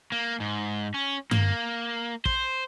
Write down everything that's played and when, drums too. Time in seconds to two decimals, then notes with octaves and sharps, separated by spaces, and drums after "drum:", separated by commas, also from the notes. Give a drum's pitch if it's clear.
0.12 A#3
0.40 G#2
0.94 C#4
1.31 A#3, drum: tom G2
2.25 C5, drum: kick